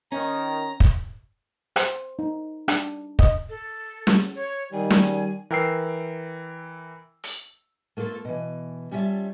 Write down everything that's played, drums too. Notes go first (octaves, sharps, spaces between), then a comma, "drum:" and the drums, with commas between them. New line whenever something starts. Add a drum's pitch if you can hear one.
D#3 C#4 A#5
drum: kick
C5, drum: rim click
D#4
D4, drum: rim click
D#5, drum: kick
A4
drum: snare
C#5
D#3 G3 G#5
drum: snare
E3 A#4 G5 E6 C7
drum: hi-hat
A3 A#3 F4 G#4 A4
B2 E3
G3 C#4 E4 F4 E5 A5